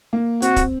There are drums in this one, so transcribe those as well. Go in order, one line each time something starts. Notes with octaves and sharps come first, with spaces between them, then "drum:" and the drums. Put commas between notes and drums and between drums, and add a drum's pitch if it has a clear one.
A#3
C4 F#4, drum: hi-hat
drum: kick, hi-hat